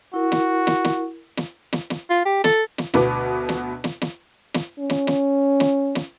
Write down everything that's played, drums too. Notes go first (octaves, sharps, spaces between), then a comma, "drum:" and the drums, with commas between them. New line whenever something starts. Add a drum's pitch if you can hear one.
E4 F#4 A#4
drum: snare
drum: snare
drum: snare
drum: snare
drum: snare
drum: snare
F4
G4
A4, drum: snare
drum: snare
D2 B2 B3 B4 D6, drum: snare
drum: snare
drum: snare
drum: snare
drum: snare
C#4
drum: snare
drum: snare
drum: snare
drum: snare